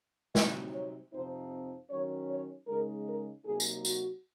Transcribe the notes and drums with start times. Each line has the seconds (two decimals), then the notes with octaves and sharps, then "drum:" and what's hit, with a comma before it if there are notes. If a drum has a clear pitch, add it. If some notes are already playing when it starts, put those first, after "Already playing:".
0.35 C3 F#3 C4 D#4 D#5, drum: snare
0.74 C#5
1.13 F2 C3 F3 C4 D#4 C5
1.90 D#3 F#3 C#4 C#5
2.28 C#5
2.67 C#3 G#3 D#4 A#4
3.07 A#4
3.45 C3 F#3 A#3 D#4 G#4
3.60 drum: tambourine
3.85 F#4, drum: tambourine